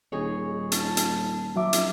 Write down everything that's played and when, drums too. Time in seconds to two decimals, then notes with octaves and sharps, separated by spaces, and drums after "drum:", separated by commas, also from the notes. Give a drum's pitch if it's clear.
0.12 D#1 D#4 G#4 C#5
0.72 A5, drum: hi-hat
0.97 drum: hi-hat
1.56 F#3 E5 D6
1.73 drum: hi-hat